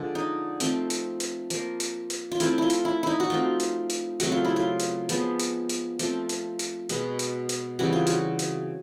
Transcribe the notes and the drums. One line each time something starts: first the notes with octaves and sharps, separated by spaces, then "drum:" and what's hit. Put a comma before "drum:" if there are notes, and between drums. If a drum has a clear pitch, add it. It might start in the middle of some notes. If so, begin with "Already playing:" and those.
Already playing: D3 F3 G#3
D#4
F3 A3 C4, drum: hi-hat
drum: hi-hat
drum: hi-hat
F3 A#3, drum: hi-hat
drum: hi-hat
drum: hi-hat
F4
F3 A3 C4 E4, drum: hi-hat
E4 F4
drum: hi-hat
E4
D#4 E4
F#4
F3 A3 C4 F4
drum: hi-hat
drum: hi-hat
C#3 F#3 A3 C4 F#4, drum: hi-hat
F4
E4
F4
drum: hi-hat
F3 G#3 B3, drum: hi-hat
drum: hi-hat
drum: hi-hat
F3 A3 C4, drum: hi-hat
drum: hi-hat
drum: hi-hat
B2 G#3 B3, drum: hi-hat
drum: hi-hat
drum: hi-hat
C#3 E3 G3 C4 F#4
F4
F#4, drum: hi-hat
drum: hi-hat